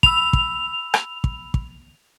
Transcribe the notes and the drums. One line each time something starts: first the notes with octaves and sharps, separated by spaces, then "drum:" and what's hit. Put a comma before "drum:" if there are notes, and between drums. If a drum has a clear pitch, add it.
B5 E6 F7, drum: kick
drum: kick
drum: rim click
drum: kick
drum: kick